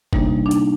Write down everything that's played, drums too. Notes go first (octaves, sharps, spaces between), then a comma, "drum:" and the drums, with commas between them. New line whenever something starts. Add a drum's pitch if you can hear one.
C3 G3 A#3 D4 D#4, drum: kick G1
D4
D#4, drum: hi-hat